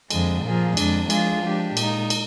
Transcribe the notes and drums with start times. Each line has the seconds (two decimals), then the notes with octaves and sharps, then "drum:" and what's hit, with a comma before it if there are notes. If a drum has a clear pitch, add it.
0.10 F2 D3 F3 G#3, drum: cymbal
0.44 A#2 F3 A#3 F4 G#4
0.77 F2 D3 G#3 D4, drum: cymbal
1.10 F3 G#3 D4 F4 G#4, drum: cymbal
1.44 F3 G#3 D4 G4
1.77 A#2 G#3 D#4, drum: cymbal
2.10 drum: cymbal